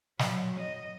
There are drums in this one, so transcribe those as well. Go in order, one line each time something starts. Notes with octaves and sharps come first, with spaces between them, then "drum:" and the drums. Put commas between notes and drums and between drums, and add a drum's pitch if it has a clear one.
F#3, drum: snare
D#5